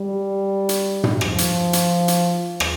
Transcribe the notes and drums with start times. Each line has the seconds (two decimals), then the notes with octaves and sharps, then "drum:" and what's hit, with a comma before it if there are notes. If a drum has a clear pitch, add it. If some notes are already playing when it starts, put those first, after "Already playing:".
Already playing: G3
0.69 drum: hi-hat
1.04 drum: tom
1.21 F3, drum: rim click
1.38 drum: hi-hat
1.73 drum: hi-hat
2.08 drum: hi-hat
2.60 drum: rim click